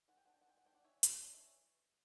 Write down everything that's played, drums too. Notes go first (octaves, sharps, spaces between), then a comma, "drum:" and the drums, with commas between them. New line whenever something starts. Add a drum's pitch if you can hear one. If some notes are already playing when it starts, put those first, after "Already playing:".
E3 F#5
G5
D4 F#5
G5
F#5
E3 G5
F#5
D4 G5
D5 F#5
E3 C#5 E5
D4, drum: hi-hat
C#5 E5
D4 D5
C#5 E5
E3